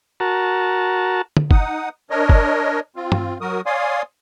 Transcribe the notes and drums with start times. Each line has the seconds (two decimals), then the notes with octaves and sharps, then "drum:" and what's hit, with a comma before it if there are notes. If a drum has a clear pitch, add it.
0.20 F#4 A#4 A5
1.37 drum: tom
1.51 D#4 F#5 D#6, drum: kick F#1
2.10 D4 A#4 C#5 D#5
2.29 drum: kick F#1
2.96 C4 F4
3.12 drum: tom
3.41 F#3 F#4 A#4 D#6
3.66 C#5 D5 F5 G#5 C6 D#6